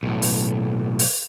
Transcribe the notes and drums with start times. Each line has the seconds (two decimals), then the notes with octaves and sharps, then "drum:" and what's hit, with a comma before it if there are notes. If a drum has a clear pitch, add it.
0.03 B1 A2
0.22 drum: open hi-hat
0.99 drum: open hi-hat